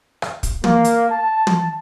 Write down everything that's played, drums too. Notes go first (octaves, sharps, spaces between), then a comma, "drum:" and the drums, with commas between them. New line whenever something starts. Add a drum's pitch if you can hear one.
drum: rim click
drum: kick, hi-hat
A#3, drum: tom
drum: hi-hat
A5
drum: tom